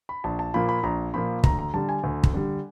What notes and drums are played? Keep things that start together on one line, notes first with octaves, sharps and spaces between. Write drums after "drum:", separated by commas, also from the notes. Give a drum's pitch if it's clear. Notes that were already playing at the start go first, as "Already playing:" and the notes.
B5
A#1 A5
A5
A#2 F3 A#3 B5
B5
A#1 A#5
A#2 F3 A#3 B5
D2 A#5, drum: kick
A#5
D3 G3 A5
G#5
D2
drum: kick
D3 G3